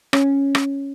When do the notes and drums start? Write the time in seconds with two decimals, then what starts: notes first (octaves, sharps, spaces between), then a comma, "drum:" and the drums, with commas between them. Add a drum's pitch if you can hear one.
0.13 C#4, drum: rim click
0.55 drum: rim click